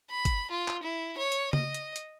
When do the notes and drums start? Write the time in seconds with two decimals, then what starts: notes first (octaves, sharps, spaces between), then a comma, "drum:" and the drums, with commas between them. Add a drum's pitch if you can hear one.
0.11 B5
0.25 drum: kick G1, hi-hat
0.51 F4
0.68 drum: clap
0.83 E4
1.18 C#5
1.32 drum: hi-hat
1.53 D#5, drum: tom C#3
1.74 drum: hi-hat
1.96 drum: hi-hat